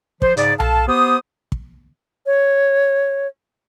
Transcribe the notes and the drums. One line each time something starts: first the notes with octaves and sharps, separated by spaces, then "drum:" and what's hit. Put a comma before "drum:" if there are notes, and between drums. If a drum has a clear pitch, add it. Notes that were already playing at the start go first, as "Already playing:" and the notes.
F3 C5, drum: kick
G#2 C#3 G#4 D5, drum: hi-hat
A4 F5 A5, drum: tom B1
B3 G4 C5 D#6
drum: kick
C#5